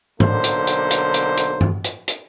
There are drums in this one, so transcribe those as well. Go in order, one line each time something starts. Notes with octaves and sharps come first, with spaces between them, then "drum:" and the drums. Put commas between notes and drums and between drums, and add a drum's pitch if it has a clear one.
B1 D3 A#3 C5, drum: tom G#2
drum: hi-hat
drum: hi-hat
drum: hi-hat
drum: hi-hat
drum: hi-hat
drum: tom G2
drum: hi-hat
drum: hi-hat